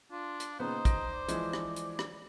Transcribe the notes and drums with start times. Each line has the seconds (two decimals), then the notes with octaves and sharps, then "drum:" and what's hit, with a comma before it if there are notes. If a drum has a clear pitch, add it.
0.12 D4 F4
0.40 drum: hi-hat
0.60 A#2 C#3 B3 D#4 C5
0.85 A#6 D7, drum: kick, hi-hat
1.14 D5
1.28 E3 F3 G#3, drum: hi-hat
1.53 drum: rim click
1.76 drum: hi-hat
1.99 drum: rim click